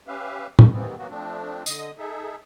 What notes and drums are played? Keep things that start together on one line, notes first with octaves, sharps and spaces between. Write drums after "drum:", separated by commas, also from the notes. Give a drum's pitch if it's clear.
C#4 G4 B4 E5 F5
drum: tom A2
D#2 G#2 D#3 E3 B3 C4
E3 F#3 A#3 B3 F#4
F3 A3 C4 D4
D3 D#5 D#6, drum: tambourine
D#4 G#4 A4 E5